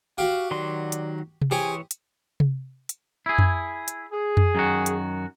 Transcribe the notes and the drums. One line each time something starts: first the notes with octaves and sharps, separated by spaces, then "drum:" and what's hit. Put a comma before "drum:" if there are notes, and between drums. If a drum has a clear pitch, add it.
F#4 G4 F5
D#3 F#3 D5 C6
drum: hi-hat
drum: tom C3
E3 G4 G#4 C5 C#5 G#5
drum: hi-hat
drum: tom C3
drum: hi-hat
E4 G#4
drum: tom F2
drum: hi-hat
G#4
drum: tom F2
F#2 D#3 F#4
drum: hi-hat